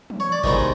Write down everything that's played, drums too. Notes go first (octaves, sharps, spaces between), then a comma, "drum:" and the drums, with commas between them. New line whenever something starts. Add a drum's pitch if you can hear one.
drum: tom
C#5
D5
C3 D#3 G#3 B3 D#4 D#5, drum: kick G1